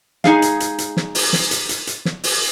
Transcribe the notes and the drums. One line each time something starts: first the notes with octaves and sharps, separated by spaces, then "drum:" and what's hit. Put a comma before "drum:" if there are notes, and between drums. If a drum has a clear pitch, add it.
G#3 D#4 G#4 F5, drum: snare
drum: hi-hat
drum: hi-hat
drum: hi-hat
drum: snare
drum: open hi-hat
drum: snare
drum: hi-hat
drum: hi-hat
drum: hi-hat
drum: snare
drum: open hi-hat